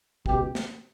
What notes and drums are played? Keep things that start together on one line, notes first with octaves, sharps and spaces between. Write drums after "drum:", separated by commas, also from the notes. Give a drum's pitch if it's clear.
C#2 B2 G4, drum: kick
drum: snare